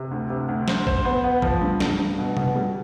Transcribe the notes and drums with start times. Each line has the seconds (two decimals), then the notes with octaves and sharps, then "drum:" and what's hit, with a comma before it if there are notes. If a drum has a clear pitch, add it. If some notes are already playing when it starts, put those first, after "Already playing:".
Already playing: C3
0.11 D2
0.30 C3
0.49 D2
0.68 C5, drum: snare
0.87 C5, drum: kick
1.05 B3
1.24 B3
1.42 F3, drum: kick
1.61 G2
1.80 G2, drum: snare
1.99 G2
2.18 B2
2.37 B2, drum: tom C3
2.55 G3